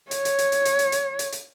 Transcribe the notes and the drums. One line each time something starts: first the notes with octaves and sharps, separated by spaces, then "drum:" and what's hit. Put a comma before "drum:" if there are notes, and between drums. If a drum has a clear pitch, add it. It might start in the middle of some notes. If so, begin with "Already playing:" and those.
C#5, drum: hi-hat
drum: hi-hat
drum: hi-hat
drum: hi-hat
drum: hi-hat
drum: hi-hat
drum: hi-hat
drum: hi-hat
drum: hi-hat